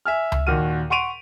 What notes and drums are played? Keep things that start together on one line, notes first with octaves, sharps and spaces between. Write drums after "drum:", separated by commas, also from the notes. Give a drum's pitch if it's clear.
E5 G#5 F6
drum: tom C#2
D#2 A#2 F#4 F6 D#7
F#5 C6 C#6 D7 D#7 F7